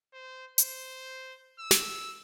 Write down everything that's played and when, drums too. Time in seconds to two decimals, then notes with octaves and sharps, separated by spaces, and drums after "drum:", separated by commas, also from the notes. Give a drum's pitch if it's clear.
0.13 C5
0.58 C5, drum: hi-hat
1.59 E6
1.71 drum: snare